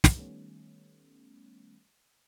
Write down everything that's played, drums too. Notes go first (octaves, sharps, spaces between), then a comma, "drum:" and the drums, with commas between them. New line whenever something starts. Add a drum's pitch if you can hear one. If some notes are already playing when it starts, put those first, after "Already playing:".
drum: snare
D#3 G3 A3 B3 C#4